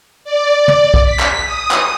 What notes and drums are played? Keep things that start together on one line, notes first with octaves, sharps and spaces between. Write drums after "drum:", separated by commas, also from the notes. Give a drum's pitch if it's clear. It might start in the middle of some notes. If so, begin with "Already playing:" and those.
D5
drum: tom
drum: kick B1
B6
drum: clap
D#6
drum: clap